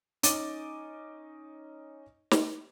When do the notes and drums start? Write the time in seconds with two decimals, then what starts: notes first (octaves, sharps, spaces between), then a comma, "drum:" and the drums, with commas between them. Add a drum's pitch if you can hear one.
0.23 C#4 D#4 D6 A6 D#7 G7, drum: hi-hat
2.31 drum: snare